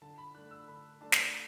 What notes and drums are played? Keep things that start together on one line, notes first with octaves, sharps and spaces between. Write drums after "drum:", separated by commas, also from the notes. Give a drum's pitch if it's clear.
D3 A5
B5
A3 D4 F#6
E6
D3 B5
A3 D4 A5
drum: snare